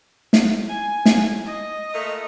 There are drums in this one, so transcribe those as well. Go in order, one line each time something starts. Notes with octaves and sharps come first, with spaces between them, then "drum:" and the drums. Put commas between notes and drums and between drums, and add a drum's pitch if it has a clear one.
drum: snare
G#5
drum: snare
D#5
A#2 A3